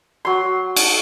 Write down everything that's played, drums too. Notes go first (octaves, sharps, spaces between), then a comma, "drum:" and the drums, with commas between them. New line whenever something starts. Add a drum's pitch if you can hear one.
F#3 C6
drum: cymbal